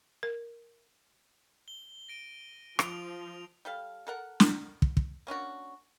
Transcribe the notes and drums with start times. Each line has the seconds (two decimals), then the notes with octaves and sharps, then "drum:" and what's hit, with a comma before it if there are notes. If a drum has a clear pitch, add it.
0.23 A#4
1.68 G7
2.09 A#6 D7 D#7
2.79 F3 D#6 D7 F7, drum: rim click
3.65 G3 A4 F5
4.07 A4 A#4 F#5
4.40 drum: snare
4.82 drum: kick
4.97 drum: kick
5.27 A#3 C#4 D4 F#4